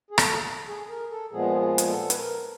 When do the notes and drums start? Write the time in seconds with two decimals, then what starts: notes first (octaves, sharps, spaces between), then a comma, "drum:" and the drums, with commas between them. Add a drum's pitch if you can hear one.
0.11 G#4
0.18 A4, drum: rim click
0.68 G#4
0.89 A#4
1.11 A4
1.32 A#2 F3 G#3 B3 G#4
1.60 G#4
1.78 drum: hi-hat
1.89 A4
2.10 B4, drum: hi-hat
2.18 A#4